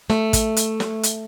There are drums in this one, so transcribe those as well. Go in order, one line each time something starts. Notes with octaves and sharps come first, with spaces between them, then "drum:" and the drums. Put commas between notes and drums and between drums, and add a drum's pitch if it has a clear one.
A3, drum: snare
drum: kick, hi-hat
drum: hi-hat
drum: snare
drum: hi-hat